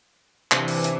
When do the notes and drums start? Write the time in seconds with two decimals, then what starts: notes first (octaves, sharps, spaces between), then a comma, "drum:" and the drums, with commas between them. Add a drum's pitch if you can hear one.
0.52 C3 E3 D4, drum: clap
0.68 drum: open hi-hat
0.84 drum: hi-hat